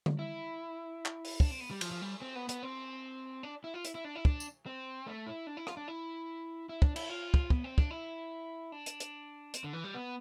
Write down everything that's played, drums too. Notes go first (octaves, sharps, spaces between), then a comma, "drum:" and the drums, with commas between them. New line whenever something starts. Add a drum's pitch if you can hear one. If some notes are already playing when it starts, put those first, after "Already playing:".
drum: tom D3
E4
drum: clap
drum: open hi-hat
D4, drum: kick
C4
B3
G3
F3, drum: cymbal
F3
G3
C4
B3
B3, drum: hi-hat
C4
D4
E4
F4
E4, drum: hi-hat
E4
D4
E4
D4, drum: kick
drum: tambourine
C4
A3
E4
D4
E4
F4, drum: rim click
D4
E4
E4
D4, drum: kick
E4, drum: cymbal
F4
drum: kick
B3, drum: kick
C4
D4, drum: kick
E4
D4
drum: hi-hat
drum: hi-hat
C4, drum: hi-hat
D3
E3
G3
B3